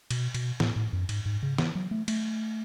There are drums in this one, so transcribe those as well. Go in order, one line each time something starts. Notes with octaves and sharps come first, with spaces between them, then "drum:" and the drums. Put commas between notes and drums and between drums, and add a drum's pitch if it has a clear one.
B2, drum: cymbal
B2, drum: cymbal
A2, drum: snare
A2
F#2
G#2, drum: cymbal
G#2
C#3
E3, drum: snare
F#3
A3
A3, drum: cymbal